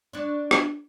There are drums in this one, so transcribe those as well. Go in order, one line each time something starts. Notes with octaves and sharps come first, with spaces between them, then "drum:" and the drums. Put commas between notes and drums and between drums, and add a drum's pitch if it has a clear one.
D4 C#5
drum: rim click